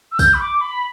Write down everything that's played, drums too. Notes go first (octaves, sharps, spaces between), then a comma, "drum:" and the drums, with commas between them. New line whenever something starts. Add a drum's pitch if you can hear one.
E6
G6, drum: kick, tambourine
B5
D6
B5